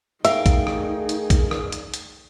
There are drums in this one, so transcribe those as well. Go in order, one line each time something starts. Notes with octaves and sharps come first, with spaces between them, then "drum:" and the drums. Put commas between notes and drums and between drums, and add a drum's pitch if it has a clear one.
A3 D#4 G#4 A#4 E5 F5 G5, drum: hi-hat
drum: kick A#1, hi-hat
drum: rim click
drum: hi-hat
drum: kick A#1, hi-hat
drum: rim click
drum: hi-hat
drum: hi-hat